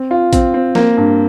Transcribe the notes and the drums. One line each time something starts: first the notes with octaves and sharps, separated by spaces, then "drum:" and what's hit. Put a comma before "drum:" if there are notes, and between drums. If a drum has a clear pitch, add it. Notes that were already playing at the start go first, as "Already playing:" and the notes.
Already playing: C4
F4
C4, drum: kick, hi-hat
C4
A#3, drum: snare
G2